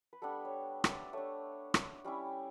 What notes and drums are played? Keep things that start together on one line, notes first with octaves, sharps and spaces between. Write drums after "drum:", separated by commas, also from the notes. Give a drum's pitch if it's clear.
B4
G3 B3 D4 A4
C#5
E5, drum: rim click
D5
A3 D4 C#5
drum: rim click
G3 C#4 E4